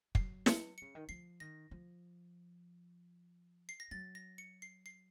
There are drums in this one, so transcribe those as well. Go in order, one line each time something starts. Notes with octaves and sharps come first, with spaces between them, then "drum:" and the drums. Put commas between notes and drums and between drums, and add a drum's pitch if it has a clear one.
F#3 C7, drum: kick
C#7, drum: snare
C#3 C#7
D#3
F3 C7
D#3 A#6
F3
C7
A#6
F#3 A6
A#6
C#7
C7
C7